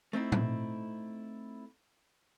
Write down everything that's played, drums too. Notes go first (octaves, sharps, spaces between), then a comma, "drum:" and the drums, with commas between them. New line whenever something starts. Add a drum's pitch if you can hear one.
A3 C4 D#4 E4
drum: tom A2